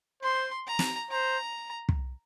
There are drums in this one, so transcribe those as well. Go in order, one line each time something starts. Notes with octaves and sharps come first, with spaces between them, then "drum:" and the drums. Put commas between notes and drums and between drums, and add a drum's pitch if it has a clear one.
C5 C6
A#5
drum: snare
C5 A#5
drum: kick